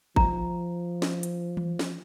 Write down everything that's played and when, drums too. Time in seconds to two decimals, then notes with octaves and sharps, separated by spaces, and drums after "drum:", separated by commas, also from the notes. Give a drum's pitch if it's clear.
0.16 F3 A#5, drum: kick G#1
1.02 drum: snare
1.23 drum: hi-hat
1.57 drum: tom E3
1.79 drum: snare